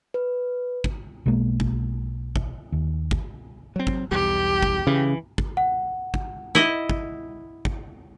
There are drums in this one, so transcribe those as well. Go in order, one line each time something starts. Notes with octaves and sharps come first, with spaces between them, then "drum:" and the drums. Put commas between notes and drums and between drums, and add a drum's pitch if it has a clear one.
B4
drum: kick
B1 B2 G#3 A#3
drum: kick
drum: kick
D#2
drum: kick
F#3 C4
drum: kick
B1 E2 G3 G4
drum: kick
C#3 E3
drum: kick
F#5
drum: kick
E4 D#5
drum: kick
drum: kick